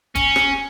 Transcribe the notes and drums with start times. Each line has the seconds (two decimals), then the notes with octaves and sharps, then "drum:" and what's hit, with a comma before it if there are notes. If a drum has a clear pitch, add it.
0.15 C#4, drum: kick E1, hi-hat
0.36 drum: rim click